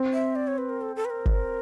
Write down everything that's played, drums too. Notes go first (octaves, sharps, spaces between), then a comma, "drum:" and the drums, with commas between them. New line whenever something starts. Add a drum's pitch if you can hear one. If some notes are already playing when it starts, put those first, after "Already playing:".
Already playing: C4
E5
D5
C#5
B4
A#4
A4
A4
B4
A#4
drum: kick G1